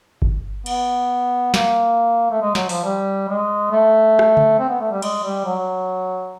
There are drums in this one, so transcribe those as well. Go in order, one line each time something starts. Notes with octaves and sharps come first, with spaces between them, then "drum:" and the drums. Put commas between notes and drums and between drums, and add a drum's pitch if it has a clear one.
drum: kick G1
B3, drum: cymbal
A#3, drum: snare
A3
G#3
F#3, drum: snare
F3, drum: open hi-hat
G3
G#3
A3
drum: rim click
drum: tom C#3
C4
B3
A3
G3
G#3, drum: cymbal
G3
F#3